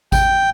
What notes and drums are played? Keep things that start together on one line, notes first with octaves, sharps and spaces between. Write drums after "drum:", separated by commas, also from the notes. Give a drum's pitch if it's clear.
G5, drum: kick G#1, tambourine